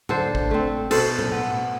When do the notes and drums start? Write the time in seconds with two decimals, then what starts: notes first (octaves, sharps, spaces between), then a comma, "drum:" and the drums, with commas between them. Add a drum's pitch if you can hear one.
0.09 D3 A4 C5, drum: tom A2
0.35 drum: kick
0.51 A3 C4
0.91 B2 A4 C5, drum: cymbal
1.19 drum: tom A2
1.32 B3